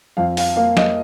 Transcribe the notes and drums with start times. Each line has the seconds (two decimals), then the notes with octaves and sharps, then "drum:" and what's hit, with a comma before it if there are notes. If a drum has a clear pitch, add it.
0.17 F2 F5
0.37 F5, drum: open hi-hat
0.56 A#3 F5
0.77 D#5, drum: snare